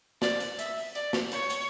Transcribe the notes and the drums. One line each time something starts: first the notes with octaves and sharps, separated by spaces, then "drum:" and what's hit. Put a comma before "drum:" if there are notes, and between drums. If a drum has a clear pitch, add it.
D5, drum: snare
drum: hi-hat
E5, drum: hi-hat
drum: open hi-hat
D5, drum: hi-hat
drum: snare
C#5, drum: hi-hat
drum: hi-hat